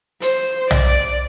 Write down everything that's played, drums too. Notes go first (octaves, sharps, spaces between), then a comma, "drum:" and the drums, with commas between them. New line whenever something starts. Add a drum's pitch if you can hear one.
C5, drum: hi-hat
D5, drum: tom